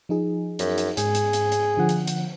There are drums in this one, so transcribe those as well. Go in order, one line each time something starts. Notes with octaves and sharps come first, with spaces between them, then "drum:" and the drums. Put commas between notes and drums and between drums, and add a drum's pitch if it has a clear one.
F3 D#4 G#4
F#2, drum: hi-hat
drum: hi-hat
G#2 G#4, drum: hi-hat
drum: hi-hat
drum: hi-hat
drum: hi-hat
D3 F3 F#5
drum: hi-hat
drum: hi-hat